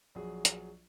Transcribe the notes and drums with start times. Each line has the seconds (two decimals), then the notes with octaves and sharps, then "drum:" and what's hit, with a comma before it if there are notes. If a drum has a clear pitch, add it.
0.15 A#1 F#3 G#4
0.45 drum: hi-hat